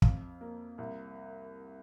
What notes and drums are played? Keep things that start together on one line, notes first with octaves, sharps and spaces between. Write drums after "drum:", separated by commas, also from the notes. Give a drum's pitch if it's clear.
F2 F5, drum: kick
A#3
C2